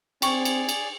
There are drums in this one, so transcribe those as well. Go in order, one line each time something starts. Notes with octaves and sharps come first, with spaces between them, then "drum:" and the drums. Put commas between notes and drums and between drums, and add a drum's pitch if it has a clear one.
C4 G#4 D5 G5 C#6, drum: cymbal
drum: cymbal
drum: cymbal